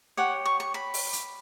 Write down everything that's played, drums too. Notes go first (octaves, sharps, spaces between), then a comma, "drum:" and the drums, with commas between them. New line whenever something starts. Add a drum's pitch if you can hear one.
G4 C#5 F#5
C#6
C#6
B5
drum: open hi-hat
drum: hi-hat